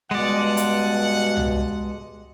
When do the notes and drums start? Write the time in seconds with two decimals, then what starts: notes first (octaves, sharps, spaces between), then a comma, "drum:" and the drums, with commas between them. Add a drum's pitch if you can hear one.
0.11 G2 B2 G#3 D5 F#5
0.57 drum: hi-hat
1.37 drum: tom C2